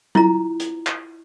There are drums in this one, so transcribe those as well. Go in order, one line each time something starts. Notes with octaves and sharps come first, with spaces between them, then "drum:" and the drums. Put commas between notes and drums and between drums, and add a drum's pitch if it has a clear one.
E4 F4 A#5, drum: tom F#3
drum: hi-hat
drum: clap